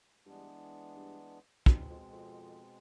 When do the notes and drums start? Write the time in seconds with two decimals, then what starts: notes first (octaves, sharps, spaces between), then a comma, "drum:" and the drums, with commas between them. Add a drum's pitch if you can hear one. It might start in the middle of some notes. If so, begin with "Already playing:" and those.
0.26 G2 E3 G#3 B3 D4
0.96 G2
1.66 F#2 B2 G#3 C4, drum: kick
1.82 E2
1.90 F2
2.13 F2